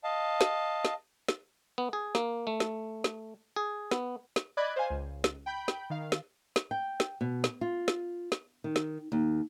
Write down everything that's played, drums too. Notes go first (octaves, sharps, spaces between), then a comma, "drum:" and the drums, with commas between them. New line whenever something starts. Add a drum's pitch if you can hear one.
D#5 F5 A5
drum: snare
drum: snare
drum: snare
B3
G#4
A#3, drum: snare
A3
drum: snare
drum: snare
G#4
B3, drum: snare
drum: snare
D5 D#5 B5 D6 F#6 G#6
C5 F5 G#5
C#2
drum: snare
G5 B5 G6
drum: snare
D#3 F5
drum: snare
drum: snare
G5
drum: snare
B2
drum: snare
F4
drum: snare
drum: snare
D#3
drum: snare
D#2